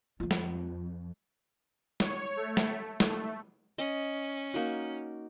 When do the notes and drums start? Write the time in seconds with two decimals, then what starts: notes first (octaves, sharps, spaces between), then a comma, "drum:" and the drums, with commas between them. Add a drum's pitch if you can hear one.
0.20 F2 F3 F4
0.31 drum: snare
2.00 C#5, drum: snare
2.36 A3
2.57 drum: snare
3.00 A3, drum: snare
3.78 C#4 D#5
4.54 A#3 D#4 F#4